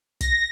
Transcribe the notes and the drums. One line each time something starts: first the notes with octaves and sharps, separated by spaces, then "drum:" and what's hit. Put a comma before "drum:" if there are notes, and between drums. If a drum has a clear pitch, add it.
A#6, drum: kick, hi-hat